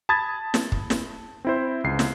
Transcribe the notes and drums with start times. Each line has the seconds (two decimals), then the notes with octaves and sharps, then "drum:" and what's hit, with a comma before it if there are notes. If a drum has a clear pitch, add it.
0.09 A5 B5 D#6 G#6 A6
0.54 drum: snare
0.72 drum: kick
0.90 drum: snare
1.45 C4 E4 C5
1.84 C#2 C7
1.99 drum: snare